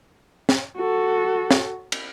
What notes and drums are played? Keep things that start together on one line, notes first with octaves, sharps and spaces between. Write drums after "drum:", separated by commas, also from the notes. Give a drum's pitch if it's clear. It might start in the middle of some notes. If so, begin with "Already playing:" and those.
drum: snare
F#4 A4
drum: snare
drum: cymbal